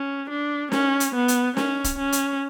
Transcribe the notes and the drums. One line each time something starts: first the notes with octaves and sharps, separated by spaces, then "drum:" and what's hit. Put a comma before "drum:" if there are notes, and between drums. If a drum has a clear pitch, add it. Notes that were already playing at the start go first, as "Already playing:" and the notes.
Already playing: C#4
D4
C#4, drum: snare
drum: hi-hat
B3
drum: hi-hat
C#4, drum: snare
drum: kick, hi-hat
C#4
drum: hi-hat